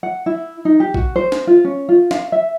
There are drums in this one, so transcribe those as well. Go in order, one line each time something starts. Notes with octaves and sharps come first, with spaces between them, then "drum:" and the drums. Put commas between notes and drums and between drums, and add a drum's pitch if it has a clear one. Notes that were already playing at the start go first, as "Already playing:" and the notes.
F#5
E4
D#4
G4
F#4, drum: kick A#1
C5
drum: snare
F4
C#4
F4
F5, drum: snare
E5